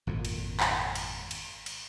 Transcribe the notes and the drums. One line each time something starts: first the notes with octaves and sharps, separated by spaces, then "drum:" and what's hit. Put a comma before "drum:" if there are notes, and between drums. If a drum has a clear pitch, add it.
G#1 F2 A#2
drum: cymbal
drum: clap
drum: cymbal
drum: cymbal
drum: cymbal